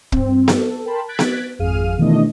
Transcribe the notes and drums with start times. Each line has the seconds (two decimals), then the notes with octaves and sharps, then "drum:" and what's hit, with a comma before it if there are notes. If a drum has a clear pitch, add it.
0.12 G2 C4, drum: kick
0.48 drum: snare B3
0.58 A4
0.85 A#4 G5 A5 B5 C6
1.08 F#6 G#6 A6 B6 D7
1.19 drum: snare B3
1.59 G#1 F2 G#4 F5 F6 D#7
1.98 B2 D#3 E3 A3 D4 D#5